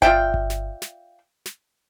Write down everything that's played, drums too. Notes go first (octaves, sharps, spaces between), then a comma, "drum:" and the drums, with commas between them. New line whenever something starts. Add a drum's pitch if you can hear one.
F4 D5 E5 G5, drum: kick G1
drum: kick G1
drum: snare
drum: snare
drum: snare